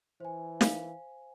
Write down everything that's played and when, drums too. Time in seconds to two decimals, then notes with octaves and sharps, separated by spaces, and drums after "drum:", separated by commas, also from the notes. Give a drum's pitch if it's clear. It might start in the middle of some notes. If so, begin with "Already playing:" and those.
0.20 E3 C5 G#5
0.61 F5, drum: snare